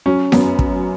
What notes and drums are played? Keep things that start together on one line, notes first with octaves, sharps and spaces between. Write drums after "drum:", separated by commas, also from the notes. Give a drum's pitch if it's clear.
F#3 C#4
F#2 B3, drum: snare C#4
drum: kick